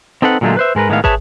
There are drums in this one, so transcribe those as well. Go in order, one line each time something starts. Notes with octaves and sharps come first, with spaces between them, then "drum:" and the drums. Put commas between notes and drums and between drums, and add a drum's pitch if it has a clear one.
C4 D#4 A4 B4 F#5
A#2 D3 F#3 G#3 A3 F4
B4 C5 E5
G#2 G#3 A#4 B4
A2 D#3 G#3 B3 F5
G#4 B4 C#5 E5 A5, drum: kick